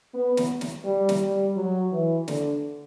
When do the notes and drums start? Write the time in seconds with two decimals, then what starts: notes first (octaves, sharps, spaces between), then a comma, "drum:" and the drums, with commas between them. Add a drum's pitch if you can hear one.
0.14 B3
0.37 drum: snare
0.61 drum: snare
0.84 G3
1.09 drum: snare
1.21 G3
1.56 F#3
1.92 E3
2.28 D3, drum: snare